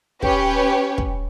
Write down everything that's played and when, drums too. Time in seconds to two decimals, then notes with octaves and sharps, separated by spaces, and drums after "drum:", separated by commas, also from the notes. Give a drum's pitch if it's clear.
0.22 C#4 G4 B4 C#5, drum: kick
0.98 drum: kick